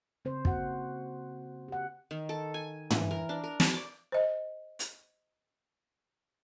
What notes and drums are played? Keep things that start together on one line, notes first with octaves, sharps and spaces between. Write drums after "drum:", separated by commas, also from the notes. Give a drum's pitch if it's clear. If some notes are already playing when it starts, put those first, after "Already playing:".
C#3 C4 C5
A#3 F#4 F#5, drum: kick
G4 F#5
D#3
A4
G#5
E3, drum: tom
A#4
D4
A#4
C#5, drum: snare
D5
C5 D#5
drum: hi-hat